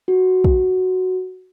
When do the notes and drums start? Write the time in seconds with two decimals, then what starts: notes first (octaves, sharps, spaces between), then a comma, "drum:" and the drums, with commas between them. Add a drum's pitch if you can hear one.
0.08 F#4
0.44 drum: kick